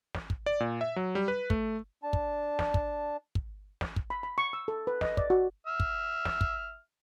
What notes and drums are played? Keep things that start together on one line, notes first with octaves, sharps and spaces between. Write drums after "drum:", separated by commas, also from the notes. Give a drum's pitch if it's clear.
drum: snare
drum: kick
D5
A#2
E5
F#3
G3
B4
A3, drum: kick
D4 A5
drum: kick
drum: snare
drum: kick
drum: kick
drum: snare
drum: kick
B5
B5
C#6
E6
A4
B4
D#5, drum: snare
D5, drum: kick
F#4
E5 F6
drum: kick
drum: snare
drum: kick